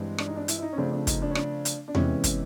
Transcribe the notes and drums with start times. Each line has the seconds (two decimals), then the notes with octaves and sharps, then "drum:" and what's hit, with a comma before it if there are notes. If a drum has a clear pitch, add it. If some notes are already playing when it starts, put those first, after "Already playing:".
Already playing: G2 E3 G#3 C4
0.18 D4, drum: rim click
0.28 D#4
0.36 D4
0.48 E4, drum: hi-hat
0.58 E4
0.62 D#4
0.73 C#4
0.78 C#3 F3 A3 C4 D4
0.92 D4
1.07 D#4, drum: kick, hi-hat
1.22 D4
1.30 C#4
1.35 D4, drum: rim click
1.65 drum: hi-hat
1.88 D4
1.95 C3 E3 G#3 B3 C#4, drum: tom E2
2.24 drum: kick, hi-hat